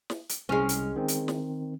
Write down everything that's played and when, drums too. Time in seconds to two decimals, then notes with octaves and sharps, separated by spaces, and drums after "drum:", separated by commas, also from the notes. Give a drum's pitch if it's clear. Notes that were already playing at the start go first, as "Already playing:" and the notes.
0.10 drum: snare
0.29 drum: hi-hat
0.49 C2 G#3 C#4 F6
0.69 drum: hi-hat
0.96 D#3 C4
1.08 drum: hi-hat
1.28 drum: snare